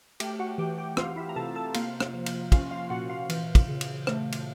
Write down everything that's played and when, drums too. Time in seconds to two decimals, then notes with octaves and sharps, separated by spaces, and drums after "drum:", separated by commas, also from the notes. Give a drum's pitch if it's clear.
0.20 A3 G4 G5, drum: cymbal
0.39 F#4 F#5
0.58 E3 G4 G5
0.78 G4 G5
0.97 C4 F4 F5, drum: rim click
1.16 E4 E5
1.29 A#5
1.36 C3 A4 A5
1.55 A4 A5
1.74 A#3 F4 F5, drum: cymbal
2.00 drum: rim click
2.14 F3
2.26 drum: cymbal
2.52 C#4 F4 F5, drum: kick, cymbal
2.71 F4 F5
2.90 A#2 F#4 F#5
3.10 F4 F5
3.29 E3, drum: cymbal
3.55 drum: kick, cymbal
3.69 C#3
3.81 drum: cymbal
4.07 A3, drum: rim click
4.32 drum: cymbal